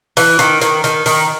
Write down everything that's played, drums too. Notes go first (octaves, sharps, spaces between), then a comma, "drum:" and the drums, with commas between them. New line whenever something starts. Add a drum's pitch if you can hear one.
E3, drum: open hi-hat
D#3, drum: hi-hat
D#3, drum: hi-hat
D#3, drum: hi-hat
D#3, drum: open hi-hat